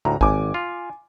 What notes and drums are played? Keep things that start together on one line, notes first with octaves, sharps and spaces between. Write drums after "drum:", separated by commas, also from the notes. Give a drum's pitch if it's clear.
D2 A2 A#5
G#1 G#5 D6, drum: kick G#1
F4